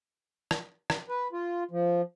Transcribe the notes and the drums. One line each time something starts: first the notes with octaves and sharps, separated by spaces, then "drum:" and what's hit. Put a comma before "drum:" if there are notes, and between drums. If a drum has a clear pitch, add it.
drum: rim click
drum: rim click
B4
F4
F3